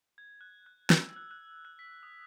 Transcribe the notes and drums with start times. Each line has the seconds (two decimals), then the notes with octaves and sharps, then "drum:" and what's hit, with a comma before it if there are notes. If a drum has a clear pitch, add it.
0.18 G#6
0.41 F#6
0.66 F#6
0.90 E6, drum: snare
1.16 F#6
1.31 F#6
1.65 F#6
1.79 B6
2.03 D#6